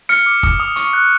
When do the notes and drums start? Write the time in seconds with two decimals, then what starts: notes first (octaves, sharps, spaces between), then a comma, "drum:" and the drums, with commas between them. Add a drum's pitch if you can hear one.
0.09 F6 C#7, drum: hi-hat
0.26 D6
0.43 D#6, drum: kick
0.60 D#6
0.76 C#6, drum: hi-hat
0.93 F#6